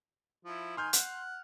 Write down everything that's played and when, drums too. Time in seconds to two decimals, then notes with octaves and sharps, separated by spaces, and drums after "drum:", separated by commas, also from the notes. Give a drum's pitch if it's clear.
0.45 F3 E4
0.77 D#3 G#5 C6 F6 G6
0.93 F#5, drum: hi-hat